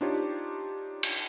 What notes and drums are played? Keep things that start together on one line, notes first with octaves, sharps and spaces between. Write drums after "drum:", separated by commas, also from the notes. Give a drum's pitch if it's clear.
D4 D#4 F4 G4 C5 C#5
drum: cymbal